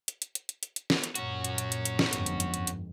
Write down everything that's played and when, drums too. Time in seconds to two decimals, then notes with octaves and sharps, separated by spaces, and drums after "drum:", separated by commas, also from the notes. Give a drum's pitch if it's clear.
0.08 drum: hi-hat
0.22 drum: hi-hat
0.35 drum: hi-hat
0.49 drum: hi-hat
0.63 drum: hi-hat
0.76 drum: hi-hat
0.90 drum: snare
1.04 drum: hi-hat
1.15 F#2 A#2 C#4 F#4, drum: hi-hat
1.45 drum: hi-hat
1.58 drum: hi-hat
1.72 drum: hi-hat
1.85 drum: hi-hat
1.99 drum: snare
2.13 G1 F2 G#2, drum: hi-hat
2.26 drum: hi-hat
2.40 drum: hi-hat
2.54 drum: hi-hat
2.67 drum: hi-hat